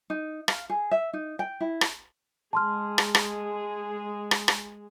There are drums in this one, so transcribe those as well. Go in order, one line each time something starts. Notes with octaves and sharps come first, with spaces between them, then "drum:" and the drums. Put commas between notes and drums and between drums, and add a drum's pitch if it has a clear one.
D#4
F5, drum: rim click
G#4
E5
D#4
G5
E4
drum: rim click
G#3 G#4 A5 C6 F6
drum: rim click
drum: rim click
drum: rim click
drum: rim click